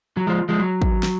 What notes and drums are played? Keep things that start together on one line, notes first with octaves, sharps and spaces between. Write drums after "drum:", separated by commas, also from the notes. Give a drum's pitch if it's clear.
F#3
F3 G#3
F3 G#3
F#3
drum: kick
drum: snare